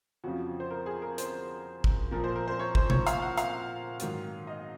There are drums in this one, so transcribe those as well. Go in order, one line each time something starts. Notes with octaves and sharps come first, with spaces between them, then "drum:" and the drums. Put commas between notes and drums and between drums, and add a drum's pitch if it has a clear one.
F2 C#3 F3 F#4
C5
A#4
G#4
A#4
C5, drum: hi-hat
drum: kick
A#2 F3 A#4
C5
A#4
C5
C#5
C5, drum: kick
C#5, drum: tom B2
F5, drum: hi-hat
F#5
F5, drum: hi-hat
G#2 D#3 F#3, drum: hi-hat
D#5